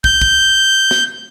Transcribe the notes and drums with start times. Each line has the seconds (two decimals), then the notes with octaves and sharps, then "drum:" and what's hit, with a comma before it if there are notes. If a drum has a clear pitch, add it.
0.04 G6, drum: kick
0.21 drum: kick
0.91 drum: snare